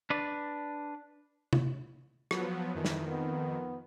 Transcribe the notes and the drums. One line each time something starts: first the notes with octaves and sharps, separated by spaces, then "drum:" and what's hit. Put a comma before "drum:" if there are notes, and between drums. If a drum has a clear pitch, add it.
D4 B4 D5
drum: tom C3
F3 F#3 B3, drum: rim click
F2 D#3 E3
drum: snare
B3